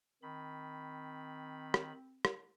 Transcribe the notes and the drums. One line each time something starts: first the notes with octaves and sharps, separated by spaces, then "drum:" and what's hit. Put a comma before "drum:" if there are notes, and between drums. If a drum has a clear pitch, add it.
D#3 C4 B5
drum: rim click
drum: rim click